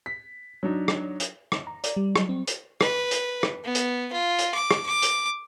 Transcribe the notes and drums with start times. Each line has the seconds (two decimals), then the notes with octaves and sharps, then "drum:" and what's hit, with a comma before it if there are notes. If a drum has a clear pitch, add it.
0.06 B6
0.63 F#3 D4 D#4
0.88 drum: rim click
1.20 drum: hi-hat
1.52 drum: rim click
1.67 A#5
1.84 D5, drum: hi-hat
1.97 G3
2.16 F#3, drum: rim click
2.29 C4
2.47 drum: hi-hat
2.81 B4, drum: rim click
3.11 drum: hi-hat
3.43 drum: rim click
3.64 B3
3.75 drum: hi-hat
4.13 F4
4.39 drum: hi-hat
4.54 D6
4.71 drum: rim click
4.86 D6
5.02 drum: hi-hat